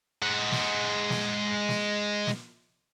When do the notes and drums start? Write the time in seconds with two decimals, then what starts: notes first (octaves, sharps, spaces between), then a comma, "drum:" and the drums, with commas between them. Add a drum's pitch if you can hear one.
0.22 G#3 F#5
0.52 drum: snare
1.10 drum: snare
1.68 drum: snare
2.27 drum: snare